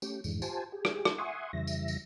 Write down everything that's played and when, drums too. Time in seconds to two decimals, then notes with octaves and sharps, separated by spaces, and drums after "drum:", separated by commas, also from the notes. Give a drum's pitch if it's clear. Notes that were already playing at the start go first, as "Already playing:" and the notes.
0.02 A3 C#4 G4, drum: tambourine
0.24 F2 G#2 D3 E3 G#3, drum: tambourine
0.42 F4 G4 C5 G#5 A5, drum: tambourine
0.72 G4 G#4
0.85 drum: rim click
1.05 drum: rim click
1.18 E5 F#5 G#5 C6 C#6 D#6
1.53 F2 C#3 E3 G3 E5 A#6
1.67 drum: tambourine
1.88 drum: tambourine